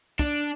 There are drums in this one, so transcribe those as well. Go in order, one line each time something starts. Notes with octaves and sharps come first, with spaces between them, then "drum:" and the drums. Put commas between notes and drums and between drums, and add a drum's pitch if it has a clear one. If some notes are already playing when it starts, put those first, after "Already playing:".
D4, drum: kick